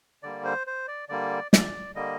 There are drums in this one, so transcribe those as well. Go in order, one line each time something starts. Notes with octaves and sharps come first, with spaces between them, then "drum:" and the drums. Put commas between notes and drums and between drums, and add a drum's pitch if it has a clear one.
D3 G3 A#3 D5
C5
C5
D5
D3 G3 A#3 D5
D5, drum: snare
D3 G3 A#3 D#5